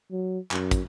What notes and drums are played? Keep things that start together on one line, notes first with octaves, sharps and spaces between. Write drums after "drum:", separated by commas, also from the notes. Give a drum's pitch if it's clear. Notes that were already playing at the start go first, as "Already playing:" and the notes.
F#3
F#2, drum: clap
drum: kick, hi-hat